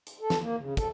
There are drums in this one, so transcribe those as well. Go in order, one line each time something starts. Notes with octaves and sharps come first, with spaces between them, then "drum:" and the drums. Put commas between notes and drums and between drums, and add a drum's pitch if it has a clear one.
drum: hi-hat
A4
drum: snare
A#3
C#3
A4, drum: kick, hi-hat